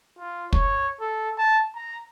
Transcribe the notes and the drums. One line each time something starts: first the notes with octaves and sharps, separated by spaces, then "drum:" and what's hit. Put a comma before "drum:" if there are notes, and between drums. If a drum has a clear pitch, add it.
F4
C#5, drum: kick
A4
A5
A#5